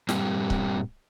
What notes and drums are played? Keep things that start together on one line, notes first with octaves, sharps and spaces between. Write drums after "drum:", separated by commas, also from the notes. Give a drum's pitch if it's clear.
G2 A#2 G3 C4 G4, drum: snare
drum: kick C#1